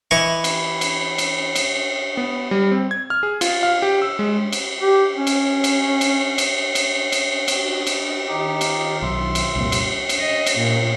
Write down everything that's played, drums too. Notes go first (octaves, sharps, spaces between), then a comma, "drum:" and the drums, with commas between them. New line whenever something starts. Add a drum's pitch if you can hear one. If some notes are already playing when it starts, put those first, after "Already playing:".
E3 E4 D#5 C#6
drum: cymbal
drum: cymbal
drum: cymbal
drum: cymbal
B3
G3
C4
G#6
F6
G#4
F4, drum: cymbal
F5
G4
E6
G#3
drum: cymbal
G4
C#4
drum: cymbal
drum: cymbal
drum: cymbal
drum: cymbal
drum: cymbal
drum: cymbal
D4 F#4 D#5, drum: cymbal
drum: cymbal
D#3 D#4 F4 G4
drum: cymbal
B1 E5 C6
drum: cymbal
C2 F2 A#2 A#4 E6
drum: cymbal
drum: cymbal
D#5
drum: cymbal
A#2